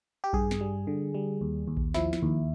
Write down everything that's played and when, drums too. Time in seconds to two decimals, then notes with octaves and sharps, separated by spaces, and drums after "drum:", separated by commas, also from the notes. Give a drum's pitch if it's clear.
0.24 G4
0.33 G2 G#4, drum: kick A#1
0.51 drum: snare
0.61 G3
0.87 D3
1.14 G3
1.41 D#2
1.67 D#2
1.77 drum: kick A#1
1.94 F3 E4, drum: snare
2.13 drum: snare
2.22 D#2